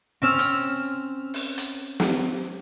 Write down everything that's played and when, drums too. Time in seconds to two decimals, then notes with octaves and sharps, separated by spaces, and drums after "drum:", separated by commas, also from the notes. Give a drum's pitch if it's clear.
0.22 C4 C#4 E6 F6
0.39 drum: hi-hat
1.34 drum: open hi-hat
1.58 drum: hi-hat
2.00 drum: snare